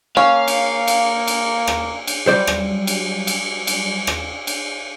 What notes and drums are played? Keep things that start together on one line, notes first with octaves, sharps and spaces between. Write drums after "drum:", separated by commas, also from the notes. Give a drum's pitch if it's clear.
A#3 C#4 F5
drum: cymbal
drum: cymbal
drum: cymbal
drum: rim click
drum: cymbal
F#3 G3 C5 D5
drum: rim click
drum: cymbal
drum: cymbal
drum: cymbal
drum: rim click
drum: cymbal